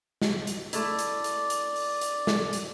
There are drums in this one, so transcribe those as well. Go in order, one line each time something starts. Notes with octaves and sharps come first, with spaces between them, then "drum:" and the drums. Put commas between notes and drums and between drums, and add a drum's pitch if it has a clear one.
drum: snare
drum: hi-hat
A3 E4 D5, drum: hi-hat
drum: hi-hat
drum: hi-hat
drum: hi-hat
drum: open hi-hat
drum: hi-hat
drum: snare
drum: hi-hat